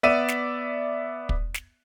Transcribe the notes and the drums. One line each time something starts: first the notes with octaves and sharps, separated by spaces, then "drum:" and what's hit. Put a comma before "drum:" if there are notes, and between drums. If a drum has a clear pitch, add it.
B3 D5 E5 D#7
drum: snare
drum: kick
drum: snare